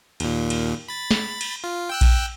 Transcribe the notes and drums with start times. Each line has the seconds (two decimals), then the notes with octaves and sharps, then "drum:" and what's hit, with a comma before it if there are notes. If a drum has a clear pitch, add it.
0.20 D#2 A#2, drum: cymbal
0.50 drum: cymbal
0.88 B5 A6
1.11 drum: snare
1.41 drum: cymbal
1.64 F4
1.89 G5 E6 F#6
2.01 drum: kick A#1, cymbal